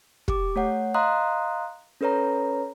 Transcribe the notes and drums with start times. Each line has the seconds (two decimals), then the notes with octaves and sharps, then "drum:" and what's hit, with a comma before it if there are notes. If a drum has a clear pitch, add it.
0.28 G4 D6, drum: kick
0.56 A3 C#5 F#5
0.94 D#5 F5 A#5 C6 D#6 F#6
2.01 C#4 A4 B4 C#5 A#5